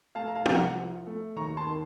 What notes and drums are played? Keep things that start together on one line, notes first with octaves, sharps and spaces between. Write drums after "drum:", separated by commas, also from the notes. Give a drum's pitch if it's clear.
A3 F5 A5
A#5
F5 A5
C2, drum: tom
F#5 A#5
F3
A3
D#2 A#5 C#6
A5 C6
D#3